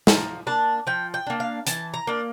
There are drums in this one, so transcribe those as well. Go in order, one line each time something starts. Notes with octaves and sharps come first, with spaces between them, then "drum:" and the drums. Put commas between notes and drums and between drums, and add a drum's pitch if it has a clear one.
F3 A#5, drum: snare
A#3 D4 A5
F3 G5
G5
A#3 D4
F5
E3 A5, drum: hi-hat
A#5
A#3 D4